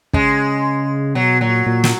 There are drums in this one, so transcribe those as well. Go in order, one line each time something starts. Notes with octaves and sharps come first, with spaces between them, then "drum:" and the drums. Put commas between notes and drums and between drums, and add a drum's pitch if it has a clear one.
C#3 G#3, drum: kick
B2 F#3
A#2 F#3
A#2
drum: snare